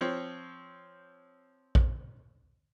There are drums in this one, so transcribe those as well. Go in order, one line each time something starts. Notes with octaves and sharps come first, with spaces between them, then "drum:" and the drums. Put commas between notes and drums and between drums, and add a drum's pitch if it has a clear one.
F3 C4 C#5
drum: kick A#1